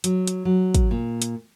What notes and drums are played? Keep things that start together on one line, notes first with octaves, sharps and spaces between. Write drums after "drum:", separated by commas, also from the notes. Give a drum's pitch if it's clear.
F#3, drum: hi-hat
drum: hi-hat
F#3
drum: kick, hi-hat
A#2
drum: hi-hat